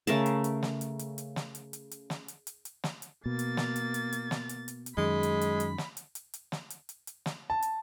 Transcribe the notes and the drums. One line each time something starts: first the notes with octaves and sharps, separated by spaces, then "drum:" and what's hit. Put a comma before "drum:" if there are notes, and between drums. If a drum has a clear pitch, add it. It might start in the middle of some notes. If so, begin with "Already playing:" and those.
C#3 A3 A#4 A5, drum: hi-hat
drum: hi-hat
drum: hi-hat
drum: snare
drum: hi-hat
drum: hi-hat
drum: hi-hat
drum: snare
drum: hi-hat
drum: hi-hat
drum: hi-hat
drum: snare
drum: hi-hat
drum: hi-hat
drum: hi-hat
drum: snare
drum: hi-hat
B2 A#3 A6
drum: hi-hat
drum: snare
drum: hi-hat
drum: hi-hat
drum: hi-hat
drum: snare
drum: hi-hat
drum: hi-hat
drum: hi-hat
F#2 D#3 G#3 B5
drum: hi-hat
drum: hi-hat
drum: hi-hat
drum: snare
drum: hi-hat
drum: hi-hat
drum: hi-hat
drum: snare
drum: hi-hat
drum: hi-hat
drum: hi-hat
drum: snare
A5
drum: hi-hat